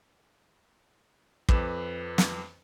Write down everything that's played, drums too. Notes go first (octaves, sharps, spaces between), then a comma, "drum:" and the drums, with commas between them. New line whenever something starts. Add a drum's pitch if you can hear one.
F2 B4 D6 E7, drum: kick
drum: snare